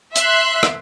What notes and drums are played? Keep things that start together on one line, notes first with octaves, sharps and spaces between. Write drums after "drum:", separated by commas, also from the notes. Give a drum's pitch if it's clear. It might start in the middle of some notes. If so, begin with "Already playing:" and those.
E5 C6 F#6, drum: hi-hat
drum: rim click